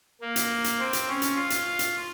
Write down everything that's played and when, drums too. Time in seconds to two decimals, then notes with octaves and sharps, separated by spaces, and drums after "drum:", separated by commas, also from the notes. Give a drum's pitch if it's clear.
0.21 A#3
0.36 drum: hi-hat
0.64 drum: hi-hat
0.79 C4
0.93 drum: hi-hat
1.08 C#4
1.22 drum: hi-hat
1.36 F4
1.50 drum: hi-hat
1.79 drum: hi-hat